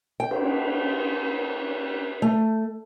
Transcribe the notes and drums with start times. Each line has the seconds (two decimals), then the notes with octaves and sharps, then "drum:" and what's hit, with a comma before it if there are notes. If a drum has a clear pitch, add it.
0.20 G5
0.31 drum: cymbal
2.22 A3